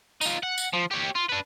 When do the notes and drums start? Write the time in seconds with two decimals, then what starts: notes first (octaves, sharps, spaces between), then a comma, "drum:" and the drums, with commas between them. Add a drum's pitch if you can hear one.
0.21 D#4 F4, drum: tambourine
0.43 F#5
0.58 drum: tambourine
0.73 F3
0.91 G4 C#5
1.15 F4
1.29 D4 B4